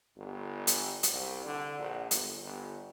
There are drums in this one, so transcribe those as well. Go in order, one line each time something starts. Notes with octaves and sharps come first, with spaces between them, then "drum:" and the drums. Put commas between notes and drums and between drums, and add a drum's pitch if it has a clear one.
G1
drum: hi-hat
drum: hi-hat
C2
D3
A#1
G1, drum: hi-hat
G1